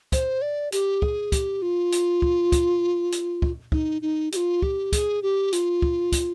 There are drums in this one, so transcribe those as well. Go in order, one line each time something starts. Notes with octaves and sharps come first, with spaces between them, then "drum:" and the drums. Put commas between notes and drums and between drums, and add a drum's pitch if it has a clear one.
C5, drum: kick, hi-hat
D5
G4, drum: hi-hat
G#4, drum: kick
G4, drum: kick, hi-hat
F4
drum: hi-hat
drum: kick
drum: kick, hi-hat
drum: hi-hat
drum: kick
D#4, drum: kick
D#4
G4, drum: hi-hat
F4
G4, drum: kick
G#4, drum: kick, hi-hat
G4
F4, drum: hi-hat
drum: kick
drum: kick, hi-hat